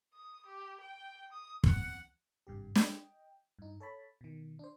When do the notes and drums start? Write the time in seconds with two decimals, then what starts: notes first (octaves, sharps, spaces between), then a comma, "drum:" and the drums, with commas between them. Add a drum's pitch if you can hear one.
0.14 D#6
0.46 G4
0.81 G5
1.32 D#6
1.64 F#5, drum: kick
2.47 G#1 G2 C3 G4
2.75 D#5 G5, drum: snare
3.59 G2 D#4
3.80 A4 C#5 A5 B5
4.21 B2 D#3
4.59 D4 C5